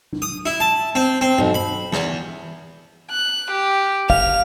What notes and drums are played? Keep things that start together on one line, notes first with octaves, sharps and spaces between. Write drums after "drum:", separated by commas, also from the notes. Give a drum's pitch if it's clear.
drum: tom
D#6
E4
A5
C4
C4
B1, drum: tom G2
B5
E2, drum: snare
F#6
G4
F5 F7, drum: kick